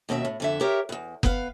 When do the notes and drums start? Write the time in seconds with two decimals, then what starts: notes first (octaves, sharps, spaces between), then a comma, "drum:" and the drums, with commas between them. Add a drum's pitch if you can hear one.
0.09 D#2 B2 C#4 A4 E5
0.25 A2
0.40 F2 D3 E5
0.61 G4 A#4 C#5 E5
0.89 E2 G2
1.23 B3 B4 F5, drum: kick F#1